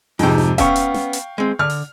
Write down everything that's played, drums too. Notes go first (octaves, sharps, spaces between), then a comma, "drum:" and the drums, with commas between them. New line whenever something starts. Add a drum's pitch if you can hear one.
F2 G#2 C3 G#3 G5, drum: open hi-hat
drum: snare
B3 C#4 E5 F5 G5 C#6, drum: kick D#1, hi-hat
drum: hi-hat
drum: snare
drum: hi-hat
G#3 C4
D3 F6
drum: open hi-hat